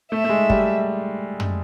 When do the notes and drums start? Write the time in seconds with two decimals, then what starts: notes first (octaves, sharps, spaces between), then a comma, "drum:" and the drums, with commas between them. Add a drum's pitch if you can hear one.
0.12 A3 E5
0.24 A3
0.30 G#3
0.50 G3, drum: kick
1.40 drum: tom